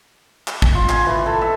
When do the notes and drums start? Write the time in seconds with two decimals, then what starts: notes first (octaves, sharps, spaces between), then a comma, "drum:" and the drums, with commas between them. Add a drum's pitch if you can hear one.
0.48 drum: clap
0.62 drum: kick
0.75 F4
0.89 G#5, drum: clap
1.06 E3
1.26 A4
1.41 E5